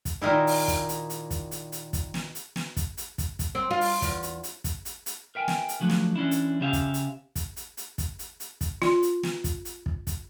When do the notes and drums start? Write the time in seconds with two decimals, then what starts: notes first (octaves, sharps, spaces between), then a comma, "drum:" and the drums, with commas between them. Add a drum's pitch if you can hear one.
0.05 drum: kick, hi-hat
0.22 A#2 D#3 D#4 E4
0.47 drum: open hi-hat
0.68 drum: kick, hi-hat
0.89 drum: hi-hat
1.10 drum: hi-hat
1.30 drum: kick, hi-hat
1.51 drum: hi-hat
1.72 drum: hi-hat
1.93 drum: kick, hi-hat
2.14 drum: snare
2.35 drum: hi-hat
2.56 drum: snare
2.77 drum: kick, hi-hat
2.97 drum: hi-hat
3.18 drum: kick, hi-hat
3.39 drum: kick, hi-hat
3.55 C4
3.71 F4
3.81 drum: open hi-hat
4.02 E2, drum: kick, hi-hat
4.23 drum: hi-hat
4.43 drum: hi-hat
4.64 drum: kick, hi-hat
4.85 drum: hi-hat
5.06 drum: hi-hat
5.35 A#4 E5 G5 G#5
5.48 drum: snare
5.69 drum: hi-hat
5.80 D3 F3 F#3 A3
5.89 drum: snare
6.16 E3 C#4 D4 E4
6.31 drum: hi-hat
6.61 C#3 C4 C#4 G4 E5 F5
6.73 drum: kick, hi-hat
6.94 drum: hi-hat
7.36 drum: kick, hi-hat
7.56 drum: hi-hat
7.77 drum: hi-hat
7.98 drum: kick, hi-hat
8.19 drum: hi-hat
8.40 drum: hi-hat
8.61 drum: kick, hi-hat
8.82 F4, drum: snare
9.02 drum: hi-hat
9.23 drum: snare
9.44 drum: kick, hi-hat
9.65 drum: hi-hat
9.86 drum: kick
10.07 drum: kick, hi-hat